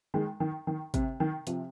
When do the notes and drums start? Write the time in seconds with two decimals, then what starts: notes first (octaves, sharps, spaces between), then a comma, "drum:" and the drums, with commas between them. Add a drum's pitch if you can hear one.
0.14 D#3 G#3
0.40 D#3
0.67 D#3
0.94 C3, drum: kick, hi-hat
1.20 D#3
1.47 C3 F3, drum: hi-hat